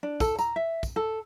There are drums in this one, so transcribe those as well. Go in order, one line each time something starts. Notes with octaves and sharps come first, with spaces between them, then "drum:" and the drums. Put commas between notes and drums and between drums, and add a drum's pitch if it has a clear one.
D4
A4, drum: kick, tambourine
A#5, drum: tambourine
E5
drum: kick, tambourine
A4